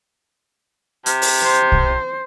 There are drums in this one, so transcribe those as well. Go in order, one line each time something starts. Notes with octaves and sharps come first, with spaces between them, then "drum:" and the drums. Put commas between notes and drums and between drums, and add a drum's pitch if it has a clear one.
C3, drum: hi-hat
drum: open hi-hat
C5
drum: kick